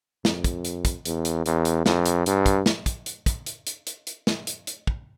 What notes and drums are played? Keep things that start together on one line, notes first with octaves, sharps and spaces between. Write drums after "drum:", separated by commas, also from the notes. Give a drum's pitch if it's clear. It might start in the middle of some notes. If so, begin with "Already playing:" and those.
F2, drum: snare
drum: kick, hi-hat
drum: hi-hat
drum: kick, hi-hat
E2, drum: hi-hat
drum: hi-hat
E2, drum: hi-hat
drum: hi-hat
F2, drum: snare
drum: hi-hat
G2, drum: hi-hat
drum: kick, hi-hat
drum: snare
drum: kick, hi-hat
drum: hi-hat
drum: kick, hi-hat
drum: hi-hat
drum: hi-hat
drum: hi-hat
drum: hi-hat
drum: snare
drum: hi-hat
drum: hi-hat
drum: kick